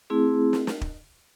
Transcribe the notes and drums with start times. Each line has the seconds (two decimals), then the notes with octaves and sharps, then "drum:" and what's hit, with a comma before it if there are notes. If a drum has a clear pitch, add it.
0.10 A3 C4 E4 G#4
0.53 drum: snare
0.67 drum: snare
0.81 drum: kick